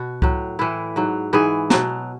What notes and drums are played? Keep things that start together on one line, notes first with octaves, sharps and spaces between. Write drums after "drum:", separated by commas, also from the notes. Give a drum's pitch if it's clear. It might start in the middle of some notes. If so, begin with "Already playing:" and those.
Already playing: B2 F#4
A2 F#3, drum: kick C#2
A2 E3 E4
G#2 F#3
G#2 E3 G#4
B2 F#3, drum: snare